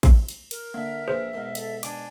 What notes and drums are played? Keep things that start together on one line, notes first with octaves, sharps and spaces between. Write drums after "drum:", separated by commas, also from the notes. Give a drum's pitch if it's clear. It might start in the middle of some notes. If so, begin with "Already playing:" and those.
drum: kick A1, cymbal
drum: cymbal
A#4, drum: cymbal
D3 A#3 E5
A#1 A#2 G#4 B4 C5
G#2 B2 A#4
A4, drum: cymbal
D4 G#5 D6, drum: cymbal